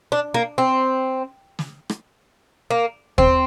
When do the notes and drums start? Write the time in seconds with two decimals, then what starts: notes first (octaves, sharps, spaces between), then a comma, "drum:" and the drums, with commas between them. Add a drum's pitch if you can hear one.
0.12 D4
0.34 A#3
0.58 C4
1.59 drum: snare
1.89 drum: rim click
2.70 A#3
3.18 C4, drum: kick D#2